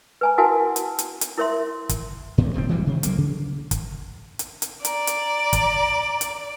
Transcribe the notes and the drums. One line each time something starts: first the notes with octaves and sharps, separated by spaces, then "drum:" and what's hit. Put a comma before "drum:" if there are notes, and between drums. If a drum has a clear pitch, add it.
B4 G#5 A#5
E4 F#4 A#4 F#5 G#5 A5
drum: hi-hat
drum: hi-hat
drum: hi-hat
E4 A#4 C#5 E5 C6
drum: kick, hi-hat
D2 A2
E1 F3 B3 C4
E3 F#3 G3 A#3
C3 D#3
D2 F#3 G3 A#3, drum: hi-hat
C#3
drum: kick, hi-hat
drum: hi-hat
drum: hi-hat
D5 A#5, drum: hi-hat
drum: hi-hat
drum: kick, hi-hat
drum: hi-hat